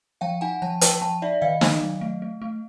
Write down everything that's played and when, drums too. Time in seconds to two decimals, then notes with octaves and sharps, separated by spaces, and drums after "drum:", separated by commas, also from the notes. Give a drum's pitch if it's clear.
0.21 F3 F5 G5
0.41 D#4 F#5 G#5
0.62 F3 G5 A5
0.81 F3 G5 A5, drum: hi-hat
1.01 F3 G5 A5
1.22 D#4 D5 E5
1.41 D#3 D#5 F5
1.61 D#3, drum: snare
1.81 F#3
2.01 A3
2.22 A3
2.42 A3